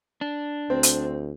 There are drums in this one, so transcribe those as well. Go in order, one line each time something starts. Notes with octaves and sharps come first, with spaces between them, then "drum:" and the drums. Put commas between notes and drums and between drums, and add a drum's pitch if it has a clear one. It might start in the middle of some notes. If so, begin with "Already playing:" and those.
D4
D2 C4
drum: hi-hat